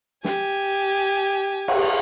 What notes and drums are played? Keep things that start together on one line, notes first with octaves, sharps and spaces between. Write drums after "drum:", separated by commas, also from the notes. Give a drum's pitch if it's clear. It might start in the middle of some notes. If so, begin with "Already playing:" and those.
G4 G#5, drum: snare
drum: cymbal